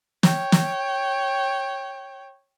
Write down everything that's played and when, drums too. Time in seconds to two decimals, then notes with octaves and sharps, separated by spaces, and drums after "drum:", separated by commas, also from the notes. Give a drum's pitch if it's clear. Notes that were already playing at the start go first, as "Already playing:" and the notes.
0.23 C#5 G5, drum: snare
0.52 drum: snare